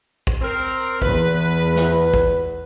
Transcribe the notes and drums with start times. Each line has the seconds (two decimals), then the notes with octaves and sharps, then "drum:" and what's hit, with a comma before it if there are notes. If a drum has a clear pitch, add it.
0.27 drum: kick
0.41 C4 A#4
1.02 E2 B4, drum: kick
1.76 drum: snare
2.14 drum: kick